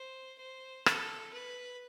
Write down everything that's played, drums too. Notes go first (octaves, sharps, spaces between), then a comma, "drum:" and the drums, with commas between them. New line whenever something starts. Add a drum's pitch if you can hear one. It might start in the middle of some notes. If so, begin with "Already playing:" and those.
Already playing: C5
C5
A4, drum: rim click
B4